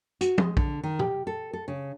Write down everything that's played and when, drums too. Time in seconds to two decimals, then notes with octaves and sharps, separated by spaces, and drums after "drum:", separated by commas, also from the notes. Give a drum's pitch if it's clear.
0.21 F#4, drum: hi-hat
0.38 G#3, drum: tom
0.57 D3, drum: kick A#1
0.83 D#3
0.99 G4, drum: tom
1.27 A4
1.53 A4
1.68 C#3